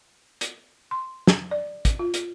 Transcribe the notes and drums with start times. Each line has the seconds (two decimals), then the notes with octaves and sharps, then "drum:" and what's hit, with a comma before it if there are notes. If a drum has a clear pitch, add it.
0.41 drum: hi-hat
0.91 C6
1.27 drum: snare
1.51 D5
1.85 drum: kick, hi-hat
1.99 F4
2.14 drum: hi-hat